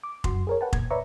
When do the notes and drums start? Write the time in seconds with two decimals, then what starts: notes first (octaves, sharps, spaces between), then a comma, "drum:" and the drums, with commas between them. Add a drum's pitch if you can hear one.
0.03 D6
0.24 F#2 F#4 C6, drum: kick F1
0.47 G#4 A#4 C#5
0.61 B4 F#5 G5 A5
0.73 A#2 G#6, drum: kick F1
0.90 B4 C#5 D5 E5 A#5 C#6